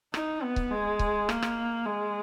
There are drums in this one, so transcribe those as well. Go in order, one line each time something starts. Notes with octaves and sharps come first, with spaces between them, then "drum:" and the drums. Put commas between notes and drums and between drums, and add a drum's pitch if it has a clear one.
D#4, drum: rim click
B3
drum: kick C#1
G#3
drum: kick C#1
A#3, drum: rim click
drum: rim click
G#3